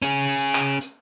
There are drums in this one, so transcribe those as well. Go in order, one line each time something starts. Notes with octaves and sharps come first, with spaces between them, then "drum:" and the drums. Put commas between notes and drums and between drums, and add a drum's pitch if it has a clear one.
C#4 G#4, drum: hi-hat
drum: open hi-hat
drum: clap
drum: hi-hat